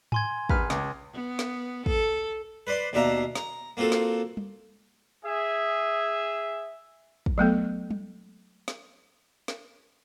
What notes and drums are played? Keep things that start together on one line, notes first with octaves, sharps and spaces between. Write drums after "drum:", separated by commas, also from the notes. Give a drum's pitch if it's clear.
G#5 C6 G#6, drum: tom G#2
A#1 B4 F6, drum: kick
C#2, drum: snare
B3
drum: snare
A4, drum: kick
B4 C5 D5 B5 C6
D#2 B2 D4 E5 F5 A#5
A#5, drum: snare
A#3 C4 F4 F#4 A4
drum: snare
drum: tom
G#4 E5
drum: kick
F#3 A3 B3 A4
drum: tom
drum: snare
drum: snare